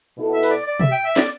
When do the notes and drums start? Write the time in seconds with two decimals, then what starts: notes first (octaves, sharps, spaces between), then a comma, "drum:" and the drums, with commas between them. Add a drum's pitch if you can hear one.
0.18 B2 B3 E4 A4
0.34 E5
0.43 B4, drum: open hi-hat
0.50 D5
0.67 D5
0.80 E5, drum: tom B2
0.91 G5
1.04 E5
1.16 D5, drum: snare